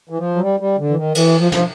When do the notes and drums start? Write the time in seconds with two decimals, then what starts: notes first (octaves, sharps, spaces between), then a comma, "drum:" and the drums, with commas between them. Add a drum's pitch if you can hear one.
0.09 E3
0.18 F3
0.36 F#3
0.41 G3
0.60 G3
0.78 D3
0.89 E3
0.97 D#3
1.15 E3, drum: cymbal
1.40 F3
1.52 F3, drum: snare